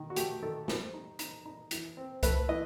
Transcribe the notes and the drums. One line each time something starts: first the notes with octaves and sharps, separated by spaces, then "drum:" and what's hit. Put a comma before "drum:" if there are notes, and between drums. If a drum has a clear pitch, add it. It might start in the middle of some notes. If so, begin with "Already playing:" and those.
Already playing: D#3
F#4
A3 G4, drum: hi-hat
D#3 A4
G3 C5, drum: snare
D#4
D#4, drum: hi-hat
D#4
E3, drum: hi-hat
C4
A3 B4, drum: kick C2, hi-hat
E3 D#5